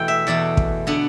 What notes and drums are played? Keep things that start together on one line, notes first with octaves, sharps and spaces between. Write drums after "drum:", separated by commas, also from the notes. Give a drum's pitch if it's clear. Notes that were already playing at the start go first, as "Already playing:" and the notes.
Already playing: E2 B2 A3 E4 G5
E5
E2 B2 A3 E4 D5
drum: kick
D3 B3 D4